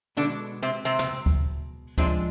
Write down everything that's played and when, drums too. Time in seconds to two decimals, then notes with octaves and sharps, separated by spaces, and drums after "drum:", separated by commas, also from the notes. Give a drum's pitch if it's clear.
0.17 B2 D3 G#3 B3 D4
0.62 C3 C4
0.85 C3 C4
0.99 drum: snare
1.26 drum: kick D2
1.98 C3 F3 G#3 C4 D4, drum: kick D2